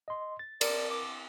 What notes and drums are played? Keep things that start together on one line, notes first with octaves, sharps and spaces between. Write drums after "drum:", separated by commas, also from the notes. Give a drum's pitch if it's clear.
D#5 C6
A6
A#4 D5, drum: cymbal
D6